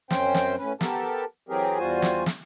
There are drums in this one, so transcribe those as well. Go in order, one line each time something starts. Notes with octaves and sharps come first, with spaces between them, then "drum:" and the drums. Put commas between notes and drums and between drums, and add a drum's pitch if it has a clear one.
F#2 C4 C#4 C5 G5, drum: snare
drum: snare
A2 C#4 B4
B3 G4 A4 A#4 A5, drum: snare
E3 F#3 C4 G4 G#4 A#4
E2 G3 F4 F#4 C5 G#5
drum: snare
drum: snare